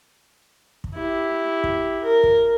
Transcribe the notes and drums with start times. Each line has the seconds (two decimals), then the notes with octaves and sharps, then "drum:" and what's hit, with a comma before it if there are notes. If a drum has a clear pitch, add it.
0.84 drum: kick
0.94 E4 G4
1.64 drum: kick
2.04 A#4
2.24 drum: kick